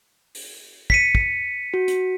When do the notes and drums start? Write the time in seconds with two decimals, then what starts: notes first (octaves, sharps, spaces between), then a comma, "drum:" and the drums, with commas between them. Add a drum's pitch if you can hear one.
0.35 drum: open hi-hat
0.90 B6 C#7 D#7, drum: kick
1.15 drum: kick
1.74 F#4
1.88 drum: hi-hat